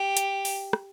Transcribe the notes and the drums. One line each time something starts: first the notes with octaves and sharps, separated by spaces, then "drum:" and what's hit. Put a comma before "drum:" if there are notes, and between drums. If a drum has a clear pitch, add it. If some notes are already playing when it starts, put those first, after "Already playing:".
Already playing: G4
drum: hi-hat
drum: open hi-hat
drum: rim click